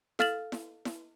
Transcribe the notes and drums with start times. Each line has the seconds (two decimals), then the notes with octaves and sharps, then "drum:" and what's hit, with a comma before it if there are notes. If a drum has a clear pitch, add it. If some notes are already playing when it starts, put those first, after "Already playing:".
0.19 A4 F5 F6 A6 E7 F#7, drum: snare E4
0.52 drum: snare E4
0.85 drum: snare E4